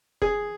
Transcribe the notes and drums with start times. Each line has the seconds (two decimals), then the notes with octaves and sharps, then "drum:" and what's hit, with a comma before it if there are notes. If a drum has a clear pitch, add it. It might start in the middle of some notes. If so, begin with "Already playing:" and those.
0.22 G#4, drum: kick F1